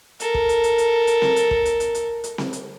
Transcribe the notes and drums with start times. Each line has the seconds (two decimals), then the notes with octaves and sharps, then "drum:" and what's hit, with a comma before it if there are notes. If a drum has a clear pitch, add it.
0.20 A4 A#4, drum: hi-hat
0.34 drum: kick
0.49 drum: hi-hat
0.64 drum: hi-hat
0.78 drum: hi-hat
1.07 drum: hi-hat
1.22 drum: snare C4
1.36 drum: hi-hat
1.51 drum: kick
1.65 drum: hi-hat
1.80 drum: hi-hat
1.95 drum: hi-hat
2.24 drum: hi-hat
2.38 drum: snare C4
2.53 drum: hi-hat